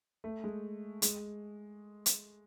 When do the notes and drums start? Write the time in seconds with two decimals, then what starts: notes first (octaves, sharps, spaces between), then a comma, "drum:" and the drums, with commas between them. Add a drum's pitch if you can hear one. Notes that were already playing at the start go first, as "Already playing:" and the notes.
0.24 A3
0.44 G#3
1.02 G#3, drum: hi-hat
2.06 drum: hi-hat